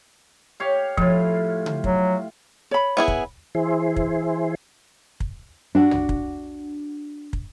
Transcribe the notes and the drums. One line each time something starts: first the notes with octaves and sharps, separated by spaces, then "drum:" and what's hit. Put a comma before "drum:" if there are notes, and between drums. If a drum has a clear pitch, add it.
G4 C#5 F5
A2 F3 F4, drum: kick
drum: tom C#3
F#3, drum: kick
C#5 B5
B3 E4 G#4
drum: kick
E3 E4 G#4 C5
drum: kick
drum: kick
D4 F#4
drum: tom
drum: kick
drum: kick